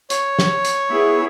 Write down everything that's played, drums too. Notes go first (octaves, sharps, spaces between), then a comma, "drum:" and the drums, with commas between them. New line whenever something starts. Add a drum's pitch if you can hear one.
C#5, drum: hi-hat
drum: snare
drum: hi-hat
B3 E4 G#4